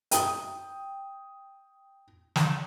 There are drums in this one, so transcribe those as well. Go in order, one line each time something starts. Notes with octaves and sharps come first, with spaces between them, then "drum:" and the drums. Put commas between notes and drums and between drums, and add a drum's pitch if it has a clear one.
G5 D#6, drum: hi-hat
drum: snare